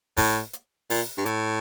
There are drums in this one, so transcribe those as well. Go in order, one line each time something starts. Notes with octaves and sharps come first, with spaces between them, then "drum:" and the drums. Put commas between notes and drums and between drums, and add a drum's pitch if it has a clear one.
A2, drum: kick, open hi-hat
drum: hi-hat
A#2, drum: open hi-hat
G2
A2, drum: hi-hat